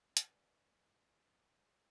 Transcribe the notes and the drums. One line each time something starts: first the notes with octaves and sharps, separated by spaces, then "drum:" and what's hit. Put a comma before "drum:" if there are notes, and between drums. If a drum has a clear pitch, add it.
B4 D5 G#5, drum: hi-hat